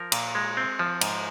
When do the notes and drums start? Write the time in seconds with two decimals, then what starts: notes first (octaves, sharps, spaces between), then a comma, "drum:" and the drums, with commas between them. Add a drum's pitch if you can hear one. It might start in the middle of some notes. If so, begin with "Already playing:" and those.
Already playing: F3 A#4
0.12 A#2, drum: cymbal
0.35 G#3
0.57 C4
0.79 F3
1.01 G#2, drum: cymbal